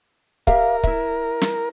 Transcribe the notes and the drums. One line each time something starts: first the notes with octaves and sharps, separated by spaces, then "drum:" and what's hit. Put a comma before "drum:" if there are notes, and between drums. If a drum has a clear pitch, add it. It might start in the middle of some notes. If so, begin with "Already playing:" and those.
G4 A#4 E5 F5, drum: kick C#1
E4 E5, drum: kick C#1
drum: snare